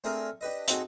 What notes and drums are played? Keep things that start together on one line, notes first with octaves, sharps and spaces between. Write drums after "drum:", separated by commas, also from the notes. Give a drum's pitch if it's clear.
A3 C4 D4 G#4 A#4
D4 G4 B4 D#5
C4 D#4 F#4 G#4 A4, drum: hi-hat